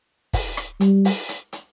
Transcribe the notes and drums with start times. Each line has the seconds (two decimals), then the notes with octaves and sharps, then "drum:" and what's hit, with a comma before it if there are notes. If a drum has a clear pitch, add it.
0.33 drum: kick, open hi-hat
0.57 drum: rim click
0.80 G3, drum: hi-hat
1.05 drum: open hi-hat
1.29 drum: hi-hat
1.53 drum: hi-hat